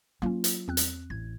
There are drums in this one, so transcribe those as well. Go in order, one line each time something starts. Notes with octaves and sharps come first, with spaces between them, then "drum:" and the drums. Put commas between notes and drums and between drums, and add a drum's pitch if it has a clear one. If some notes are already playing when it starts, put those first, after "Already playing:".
F#3 A#3 C#4 F4
drum: hi-hat
E2 C4 F#6
drum: hi-hat
A1 G#6